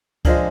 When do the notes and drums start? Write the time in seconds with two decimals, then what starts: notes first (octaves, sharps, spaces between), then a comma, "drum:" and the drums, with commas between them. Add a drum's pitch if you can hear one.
0.25 D3 F3 G#3 G#4 A#4, drum: kick C#2, cymbal